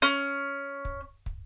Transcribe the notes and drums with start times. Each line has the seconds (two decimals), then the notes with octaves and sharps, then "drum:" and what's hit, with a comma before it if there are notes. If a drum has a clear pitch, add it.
0.02 C#4
0.85 drum: kick
1.26 drum: kick